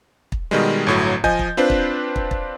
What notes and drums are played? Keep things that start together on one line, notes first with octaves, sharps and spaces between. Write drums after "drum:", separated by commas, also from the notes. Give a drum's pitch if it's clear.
drum: kick
B2 D#3 G3 G#3
G1 A2 F#3
F3 D#5 G#5 G6, drum: kick
drum: kick
C4 D4 F4 B4 C5
drum: kick
drum: kick
drum: kick